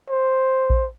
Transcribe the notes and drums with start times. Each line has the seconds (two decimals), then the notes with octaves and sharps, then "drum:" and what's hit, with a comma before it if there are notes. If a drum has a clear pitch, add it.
0.10 C5
0.70 drum: kick A#1